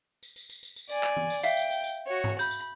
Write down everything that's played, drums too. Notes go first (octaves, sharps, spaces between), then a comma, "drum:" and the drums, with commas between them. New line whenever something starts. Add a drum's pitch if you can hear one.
drum: tambourine
drum: tambourine
drum: tambourine
drum: tambourine
drum: tambourine
D5 G#5, drum: tambourine
drum: clap
drum: tom
drum: tambourine
E5 F5 G5, drum: tambourine
drum: tambourine
drum: tambourine
drum: tambourine
F#4 C#5
drum: tom G#2
B5 G6, drum: tambourine
drum: tambourine